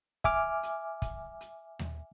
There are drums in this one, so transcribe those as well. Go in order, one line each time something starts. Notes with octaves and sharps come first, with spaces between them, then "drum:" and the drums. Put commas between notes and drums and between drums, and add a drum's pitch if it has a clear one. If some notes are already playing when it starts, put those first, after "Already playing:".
E5 G#5 D6 F6, drum: kick, hi-hat
drum: hi-hat
drum: kick, hi-hat
drum: hi-hat
drum: tom D#2